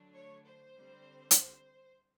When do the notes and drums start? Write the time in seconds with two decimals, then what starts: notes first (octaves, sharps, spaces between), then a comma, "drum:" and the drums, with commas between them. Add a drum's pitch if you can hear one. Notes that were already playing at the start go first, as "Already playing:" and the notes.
Already playing: D3 F#3 A3 D4
0.15 C#5
0.45 C5
0.76 D3 G3 C4
1.31 drum: hi-hat